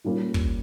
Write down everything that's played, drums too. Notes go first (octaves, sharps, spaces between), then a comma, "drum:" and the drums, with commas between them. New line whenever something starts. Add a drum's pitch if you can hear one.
A#2 G3 A#3 C#4
drum: kick